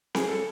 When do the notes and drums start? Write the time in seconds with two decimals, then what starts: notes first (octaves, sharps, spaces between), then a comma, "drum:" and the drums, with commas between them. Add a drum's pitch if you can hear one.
0.15 G#4, drum: snare C4
0.29 A4